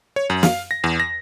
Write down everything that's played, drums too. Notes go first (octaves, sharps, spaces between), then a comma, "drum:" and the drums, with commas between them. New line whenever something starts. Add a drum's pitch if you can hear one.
C#5
F#2
F5, drum: snare
A#6
E2
A#6